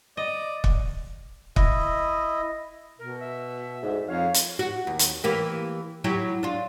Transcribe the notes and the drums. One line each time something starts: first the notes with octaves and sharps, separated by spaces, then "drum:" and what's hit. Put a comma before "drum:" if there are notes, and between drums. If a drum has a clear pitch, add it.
D5 D#5
drum: kick
E4 D#5, drum: kick
B2 A#4
E5
D2 G#2
F2 C#5 F5
drum: hi-hat
F#4
D#2
drum: hi-hat
E3 A#3 G4
F#3 E4 G4
D4 F4